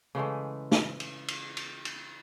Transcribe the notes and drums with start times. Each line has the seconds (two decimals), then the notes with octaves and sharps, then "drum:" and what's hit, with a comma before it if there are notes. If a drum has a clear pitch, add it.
0.15 C#3 E3 G#3 A3
0.71 drum: snare
1.00 drum: cymbal
1.28 drum: cymbal
1.57 drum: cymbal
1.85 drum: cymbal